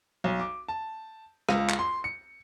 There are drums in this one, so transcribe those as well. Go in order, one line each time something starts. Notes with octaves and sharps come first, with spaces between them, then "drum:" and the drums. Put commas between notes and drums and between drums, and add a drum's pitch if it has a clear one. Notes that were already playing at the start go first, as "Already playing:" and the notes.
B1
D6
A5
C#2, drum: rim click
drum: clap
C6
C#7